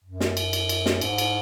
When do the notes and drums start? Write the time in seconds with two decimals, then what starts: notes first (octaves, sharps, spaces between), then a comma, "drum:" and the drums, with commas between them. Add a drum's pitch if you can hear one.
0.04 F#2
0.20 drum: snare
0.37 drum: cymbal
0.53 drum: cymbal
0.69 drum: cymbal
0.86 drum: snare
1.01 G#2, drum: cymbal
1.18 drum: cymbal